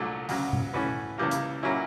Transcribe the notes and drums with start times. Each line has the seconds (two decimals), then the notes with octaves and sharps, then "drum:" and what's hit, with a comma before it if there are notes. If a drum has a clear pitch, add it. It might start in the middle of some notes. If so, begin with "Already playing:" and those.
Already playing: C2 A#2 F#3 A3 D4
0.29 D2 C#3 F#3, drum: open hi-hat
0.53 drum: tom B2
0.73 E3 A3 C#4 F#4 B4
1.18 C#2 C#3 E3 G3 A#3
1.31 drum: hi-hat
1.63 A#2 F#3 A#3 C#4 E4